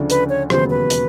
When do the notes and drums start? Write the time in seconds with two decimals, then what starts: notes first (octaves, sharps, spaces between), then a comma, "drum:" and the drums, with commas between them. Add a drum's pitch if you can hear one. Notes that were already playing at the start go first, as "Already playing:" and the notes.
Already playing: D2 C#3 F3 A3 D4
0.10 B4, drum: hi-hat
0.29 C#5
0.50 E1 D#2 C#3 F#3 B3 C5, drum: rim click
0.70 B4
0.90 drum: hi-hat